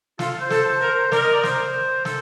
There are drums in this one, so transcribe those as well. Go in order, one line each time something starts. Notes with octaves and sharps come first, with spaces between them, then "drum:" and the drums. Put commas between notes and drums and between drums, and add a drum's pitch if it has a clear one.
F4 A4, drum: snare
C5
A4, drum: snare
A#4
A#4 D5, drum: snare
D#5
D5
C5, drum: snare
A4, drum: snare